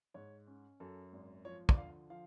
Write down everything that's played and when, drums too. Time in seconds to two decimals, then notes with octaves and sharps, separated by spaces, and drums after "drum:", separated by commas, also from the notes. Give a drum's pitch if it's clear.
0.14 G#2 C#5
0.47 C#4
0.80 F#2 A4
1.12 G#1
1.45 F3 C#5
1.69 D5, drum: kick
1.77 D3 F5
2.10 F3 F5